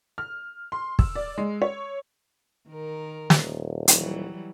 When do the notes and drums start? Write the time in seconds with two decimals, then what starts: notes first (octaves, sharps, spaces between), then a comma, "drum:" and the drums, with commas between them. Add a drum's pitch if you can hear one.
0.18 F6
0.72 C6
0.99 E6, drum: kick
1.15 D5
1.38 G#3
1.62 C#5
2.69 D#3 A#4
3.30 D#1, drum: snare
3.88 E3 F#3 G3, drum: hi-hat